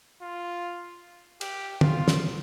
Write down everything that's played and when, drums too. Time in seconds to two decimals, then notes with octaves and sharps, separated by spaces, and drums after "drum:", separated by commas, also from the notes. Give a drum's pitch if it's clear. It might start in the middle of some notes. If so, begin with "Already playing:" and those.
0.22 F4
1.41 G4, drum: cymbal
1.81 F4, drum: tom
2.08 drum: snare